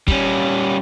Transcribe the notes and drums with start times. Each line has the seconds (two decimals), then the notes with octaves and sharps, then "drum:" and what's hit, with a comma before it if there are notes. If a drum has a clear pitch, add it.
0.08 G3 C#4, drum: kick